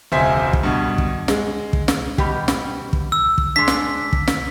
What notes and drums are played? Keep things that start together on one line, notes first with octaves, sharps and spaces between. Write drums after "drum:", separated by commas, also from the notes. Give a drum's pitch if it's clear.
E1 C#2 C5 E5 G#5 B6
drum: kick
G2 B2
drum: kick
G#3, drum: snare
drum: kick
drum: snare
B2 G3 G4, drum: kick
drum: snare
drum: kick
E6
drum: kick
G#3 D4 B6
drum: snare
drum: kick
drum: snare